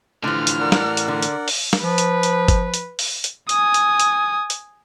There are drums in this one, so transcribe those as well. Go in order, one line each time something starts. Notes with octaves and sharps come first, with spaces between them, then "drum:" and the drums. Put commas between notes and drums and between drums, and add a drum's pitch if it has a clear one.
A2 D3 E3 F3 F6
drum: hi-hat
A#4 D5 F#5
drum: snare
drum: hi-hat
D3
drum: hi-hat
drum: open hi-hat
drum: snare
F3 B4
drum: hi-hat
drum: hi-hat
drum: kick G1, hi-hat
drum: hi-hat
drum: open hi-hat
drum: hi-hat
G#5 D#6, drum: hi-hat
drum: hi-hat
drum: hi-hat
drum: hi-hat